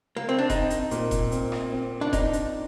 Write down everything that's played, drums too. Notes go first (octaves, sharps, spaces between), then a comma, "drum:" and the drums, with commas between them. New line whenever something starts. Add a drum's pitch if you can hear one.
A#3
C4
D4
C4 D#4, drum: kick E1, hi-hat
drum: hi-hat
A#2, drum: hi-hat
drum: kick E1, hi-hat
C4, drum: hi-hat
drum: rim click
C4
D4
D4 D#4, drum: kick E1, hi-hat
drum: hi-hat